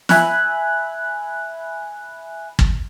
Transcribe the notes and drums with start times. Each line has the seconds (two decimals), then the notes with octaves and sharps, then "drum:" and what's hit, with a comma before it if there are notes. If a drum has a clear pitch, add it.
0.09 E5 G#5 B5 F#6, drum: snare
2.59 drum: kick